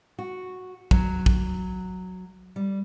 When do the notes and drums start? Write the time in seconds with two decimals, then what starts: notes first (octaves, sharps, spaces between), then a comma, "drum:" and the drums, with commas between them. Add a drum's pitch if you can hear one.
0.19 F#4
0.91 F#3, drum: kick
1.26 drum: kick
2.56 G3